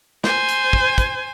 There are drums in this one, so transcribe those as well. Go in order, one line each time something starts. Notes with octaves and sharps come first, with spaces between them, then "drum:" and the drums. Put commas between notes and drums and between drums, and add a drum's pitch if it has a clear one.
C5 G#5, drum: snare
drum: hi-hat
drum: kick
drum: kick, hi-hat